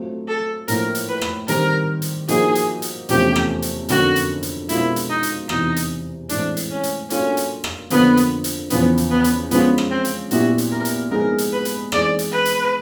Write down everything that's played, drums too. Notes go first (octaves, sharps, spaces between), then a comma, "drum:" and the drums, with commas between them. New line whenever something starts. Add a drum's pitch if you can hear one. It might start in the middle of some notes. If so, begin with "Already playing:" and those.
Already playing: F#3 A3 C4 F4
A4
A2 F3 A#3 A#4, drum: hi-hat
drum: hi-hat
B4
drum: rim click
D#3 G3 C4 A#4, drum: hi-hat
drum: hi-hat
F3 A#3 D#4 F#4 G#4, drum: hi-hat
drum: hi-hat
drum: hi-hat
E2 C3 F3 A3 C#4 G4, drum: hi-hat
drum: rim click
drum: hi-hat
F2 D3 F#3 A#3 C#4 F#4, drum: hi-hat
drum: hi-hat
drum: hi-hat
B2 G#3 C4 E4 F4 A#4, drum: hi-hat
drum: hi-hat
D#4
drum: hi-hat
E2 C3 E3 D#4, drum: rim click
drum: hi-hat
A2 E3 G#3 C4 D4 E4, drum: hi-hat
drum: hi-hat
C#4
drum: hi-hat
F#3 A#3 C#4 D4 F4 A4, drum: hi-hat
drum: hi-hat
drum: rim click
F2 D3 F3 A#3 B3 D4, drum: hi-hat
drum: hi-hat
drum: hi-hat
E2 C#3 F3 B3, drum: hi-hat
drum: hi-hat
B3
drum: hi-hat
F3 G#3 B3 C#4 F4, drum: hi-hat
drum: rim click
C4
drum: hi-hat
A#2 F#3 B3 E4 F#4 G4, drum: hi-hat
drum: hi-hat
A#4
drum: hi-hat
F3 G#3 B3 D#4 G#4 A#4
drum: hi-hat
B4
drum: hi-hat
E3 G#3 C4 D#4 G#4 D5, drum: rim click
drum: hi-hat
B4
drum: hi-hat